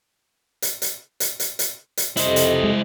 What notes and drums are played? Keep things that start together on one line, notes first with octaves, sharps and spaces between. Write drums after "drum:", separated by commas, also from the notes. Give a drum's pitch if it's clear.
drum: hi-hat
drum: hi-hat
drum: hi-hat
drum: hi-hat
drum: hi-hat
drum: hi-hat
F2 C3 E4 C5 D#5, drum: hi-hat
drum: hi-hat
G#3